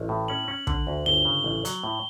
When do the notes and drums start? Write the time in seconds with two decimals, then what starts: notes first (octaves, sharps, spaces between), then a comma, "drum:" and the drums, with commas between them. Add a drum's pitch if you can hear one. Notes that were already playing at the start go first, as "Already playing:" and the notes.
Already playing: A1
0.09 A2
0.28 C#4 F#7
0.48 C#4
0.67 D3, drum: kick
0.87 D2
1.06 G1 G7
1.25 C#3
1.44 A1
1.65 F#3, drum: hi-hat
1.84 A2